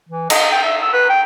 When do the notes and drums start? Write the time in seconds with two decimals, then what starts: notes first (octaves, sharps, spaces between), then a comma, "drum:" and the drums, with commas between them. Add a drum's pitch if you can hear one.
0.09 E3
0.30 D#5, drum: cymbal
0.51 G5
0.64 E5
0.82 E6
0.93 B4
1.09 G5